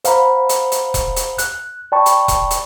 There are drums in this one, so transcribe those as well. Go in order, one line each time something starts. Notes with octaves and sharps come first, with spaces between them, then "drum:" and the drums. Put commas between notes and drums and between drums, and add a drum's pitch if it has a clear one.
C5 F5 F#5 A#5 B5, drum: hi-hat
drum: hi-hat
drum: hi-hat
drum: kick E1, hi-hat
drum: hi-hat
F#6, drum: hi-hat
D5 G5 A5 B5 C#6
drum: hi-hat
drum: kick E1, hi-hat
drum: hi-hat